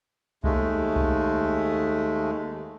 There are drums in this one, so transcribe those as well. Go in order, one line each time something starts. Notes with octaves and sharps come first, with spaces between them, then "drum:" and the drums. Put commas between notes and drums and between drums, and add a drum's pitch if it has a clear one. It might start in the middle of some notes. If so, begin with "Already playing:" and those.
D#2 G#3 A3, drum: kick C2
drum: kick C2